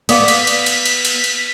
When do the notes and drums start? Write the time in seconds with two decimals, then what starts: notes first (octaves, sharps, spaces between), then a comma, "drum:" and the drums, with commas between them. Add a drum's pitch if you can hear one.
0.09 B3 D5 F5 D6 D#6 B6, drum: cymbal
0.28 drum: cymbal
0.47 drum: cymbal
0.66 drum: cymbal
0.86 drum: cymbal
1.05 drum: cymbal
1.24 drum: cymbal